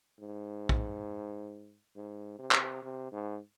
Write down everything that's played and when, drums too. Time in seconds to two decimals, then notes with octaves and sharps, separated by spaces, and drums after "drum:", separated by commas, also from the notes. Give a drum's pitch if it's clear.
0.19 G#2
0.69 drum: kick
1.95 G#2
2.39 C3
2.51 drum: clap
2.82 C3
3.12 G#2